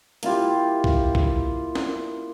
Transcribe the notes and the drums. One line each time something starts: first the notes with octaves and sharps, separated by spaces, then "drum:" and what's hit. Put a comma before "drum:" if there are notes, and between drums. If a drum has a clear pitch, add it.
A#3 E4 F4 G4, drum: hi-hat
drum: kick
drum: kick
drum: snare